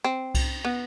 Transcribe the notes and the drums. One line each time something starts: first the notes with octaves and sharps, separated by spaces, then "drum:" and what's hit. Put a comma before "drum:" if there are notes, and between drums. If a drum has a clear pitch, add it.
C4
drum: kick C2, cymbal
B3